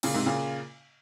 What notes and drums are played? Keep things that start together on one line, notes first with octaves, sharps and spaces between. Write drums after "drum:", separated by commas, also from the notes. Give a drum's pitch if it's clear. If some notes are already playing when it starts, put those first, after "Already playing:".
A#2 C#3, drum: cymbal
G#2 C3
A#2 C#3